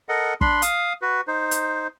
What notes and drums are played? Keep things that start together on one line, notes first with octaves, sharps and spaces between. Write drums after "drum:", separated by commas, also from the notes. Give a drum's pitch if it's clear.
A4 A#4 D#5 F#5
D4 B5 C6, drum: kick
F5 D#6, drum: hi-hat
F#4 B4
D#4 C5
drum: hi-hat